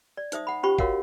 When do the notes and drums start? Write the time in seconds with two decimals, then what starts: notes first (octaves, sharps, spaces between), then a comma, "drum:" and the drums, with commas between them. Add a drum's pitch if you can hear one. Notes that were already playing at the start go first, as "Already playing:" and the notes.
0.17 D5
0.32 D#4 C5 E5 D#6, drum: hi-hat
0.47 F#5 B5
0.63 C#4 F4 G4 C5 B5 C#6
0.78 F#4 A#4 C#5 D#5 F5 F#5, drum: kick